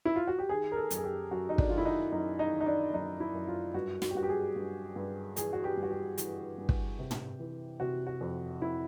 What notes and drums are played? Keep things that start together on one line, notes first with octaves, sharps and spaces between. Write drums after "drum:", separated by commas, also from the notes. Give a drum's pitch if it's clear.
E4
F4
F#4
G4
D#3 G#4
A#4
A4
F#2, drum: hi-hat
G#4
G4
F#2 F#4
D#4
D4, drum: kick
D#3 F4
E4
D#4
F#2 D#4
D#4
D#3
D#4
D4
F#2 D#4
E4
F#2
F4
G2 F#4
F#4, drum: snare
G4
G2 F#4
G4
G#4
G2
G2
E3 G#4, drum: hi-hat
F#4
G4
G2
F#4
G4
E3, drum: hi-hat
G2
drum: kick
C3
drum: tom
E3
C3 F#4
F#4
F2
F2 E4